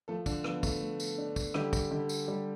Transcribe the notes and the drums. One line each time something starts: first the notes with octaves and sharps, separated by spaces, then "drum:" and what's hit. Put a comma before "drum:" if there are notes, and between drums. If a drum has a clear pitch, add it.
F3 A3 A4
D3 D4, drum: kick, tambourine
F3 B3, drum: rim click
A3, drum: kick, tambourine
A3
drum: tambourine
D4
drum: kick, tambourine
D3 G3 G4, drum: rim click
drum: kick, tambourine
D3
drum: tambourine
G3